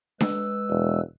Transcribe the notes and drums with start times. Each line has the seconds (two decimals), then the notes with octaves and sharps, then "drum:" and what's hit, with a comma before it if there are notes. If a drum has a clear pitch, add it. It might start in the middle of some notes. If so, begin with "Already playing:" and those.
0.21 G#3 B4 E6, drum: snare D4
0.70 E1